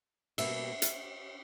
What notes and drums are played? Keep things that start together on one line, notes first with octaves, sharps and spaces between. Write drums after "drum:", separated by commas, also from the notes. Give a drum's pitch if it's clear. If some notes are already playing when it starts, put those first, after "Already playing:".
B2 G3 A#3 E5, drum: cymbal
drum: hi-hat